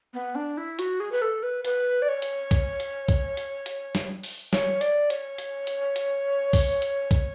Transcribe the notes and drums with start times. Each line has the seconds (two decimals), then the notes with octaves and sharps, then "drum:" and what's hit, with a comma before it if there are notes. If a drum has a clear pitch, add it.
0.14 B3
0.35 D4
0.57 E4
0.79 F#4, drum: hi-hat
1.00 G#4
1.12 B4
1.22 A4
1.43 B4
1.65 B4, drum: hi-hat
2.02 D5
2.09 C#5
2.22 drum: hi-hat
2.51 drum: kick, hi-hat
2.80 drum: hi-hat
3.09 drum: kick, hi-hat
3.37 drum: hi-hat
3.66 drum: hi-hat
3.95 drum: snare
4.23 drum: open hi-hat
4.53 C#5, drum: snare
4.81 D5, drum: hi-hat
5.10 C#5, drum: hi-hat
5.38 drum: hi-hat
5.67 drum: hi-hat
5.96 drum: hi-hat
6.53 drum: kick, open hi-hat
6.82 drum: hi-hat
7.11 drum: kick, hi-hat